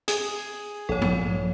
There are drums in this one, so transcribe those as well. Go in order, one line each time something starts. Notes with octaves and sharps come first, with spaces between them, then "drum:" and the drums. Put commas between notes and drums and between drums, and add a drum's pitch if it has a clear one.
G#4, drum: hi-hat
A#1 G#2 A4 C#5
drum: tom